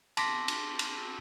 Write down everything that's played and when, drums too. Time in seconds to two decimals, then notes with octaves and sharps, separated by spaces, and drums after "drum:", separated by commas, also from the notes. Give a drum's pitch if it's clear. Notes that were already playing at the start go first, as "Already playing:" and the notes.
0.17 A5 C6 D6 A#6 B6, drum: cymbal
0.48 drum: cymbal
0.79 drum: cymbal